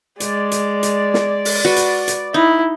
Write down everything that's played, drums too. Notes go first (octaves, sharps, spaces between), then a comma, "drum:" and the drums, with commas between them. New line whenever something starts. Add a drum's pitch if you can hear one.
G#3 D5, drum: hi-hat
drum: hi-hat
drum: hi-hat
drum: snare
drum: open hi-hat
F#4 B4
drum: hi-hat
drum: hi-hat
D#4 E4